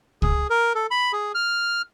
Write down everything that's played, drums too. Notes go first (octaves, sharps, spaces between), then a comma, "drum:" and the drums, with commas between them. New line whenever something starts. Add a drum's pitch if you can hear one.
G#4, drum: kick
A#4
A4
B5
G#4
F6